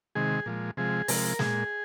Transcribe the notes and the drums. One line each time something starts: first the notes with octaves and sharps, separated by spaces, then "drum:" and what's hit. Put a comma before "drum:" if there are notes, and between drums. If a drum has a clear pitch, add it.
C3 D#3 G#3 G#4
A#2 F3 G#3
C3 F3 G#3 G#4
C3 F3 G#3 A#4, drum: open hi-hat
A#2 G#3 G#4, drum: snare